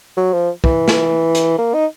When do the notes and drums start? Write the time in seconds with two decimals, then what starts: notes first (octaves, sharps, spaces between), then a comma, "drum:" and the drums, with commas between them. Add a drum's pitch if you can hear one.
0.17 F#3
0.33 F3
0.64 E3, drum: kick
0.88 drum: snare
1.35 drum: hi-hat
1.58 A#3
1.74 D#4